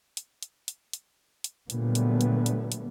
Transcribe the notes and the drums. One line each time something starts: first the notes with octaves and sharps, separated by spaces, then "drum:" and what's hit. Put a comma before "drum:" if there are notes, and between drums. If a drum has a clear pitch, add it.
drum: hi-hat
drum: hi-hat
drum: hi-hat
drum: hi-hat
drum: hi-hat
A#2 D3 F#3 G3 A3 B3, drum: hi-hat
drum: hi-hat
drum: hi-hat
drum: hi-hat
drum: hi-hat